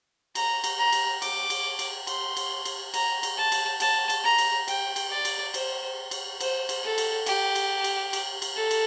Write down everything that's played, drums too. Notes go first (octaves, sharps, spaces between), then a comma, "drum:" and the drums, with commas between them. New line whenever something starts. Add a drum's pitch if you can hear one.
A#5, drum: cymbal
drum: cymbal
A#5
drum: cymbal
D6, drum: cymbal
drum: cymbal
drum: cymbal
C6, drum: cymbal
drum: cymbal
drum: cymbal
A#5, drum: cymbal
drum: cymbal
A5
drum: cymbal
A5, drum: cymbal
drum: cymbal
A#5
drum: cymbal
G5, drum: cymbal
drum: cymbal
D5
drum: cymbal
C5, drum: cymbal
drum: cymbal
C5, drum: cymbal
drum: cymbal
A4
drum: cymbal
G4, drum: cymbal
drum: cymbal
drum: cymbal
drum: cymbal
drum: cymbal
A4
drum: cymbal